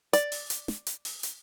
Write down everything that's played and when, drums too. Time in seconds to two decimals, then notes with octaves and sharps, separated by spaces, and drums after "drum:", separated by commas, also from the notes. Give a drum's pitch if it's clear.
0.13 D5, drum: hi-hat
0.32 drum: open hi-hat
0.50 drum: hi-hat
0.68 drum: snare
0.87 drum: hi-hat
1.05 drum: open hi-hat
1.23 drum: hi-hat